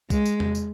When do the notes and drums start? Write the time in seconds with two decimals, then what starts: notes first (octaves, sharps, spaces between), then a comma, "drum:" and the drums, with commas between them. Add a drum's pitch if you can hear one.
0.10 G#3, drum: kick, tambourine
0.26 drum: tambourine
0.40 drum: tom E2
0.55 drum: tambourine